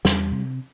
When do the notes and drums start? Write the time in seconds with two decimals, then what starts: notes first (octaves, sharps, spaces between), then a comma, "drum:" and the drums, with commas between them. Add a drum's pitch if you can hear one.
0.05 E2 G3, drum: snare
0.32 C3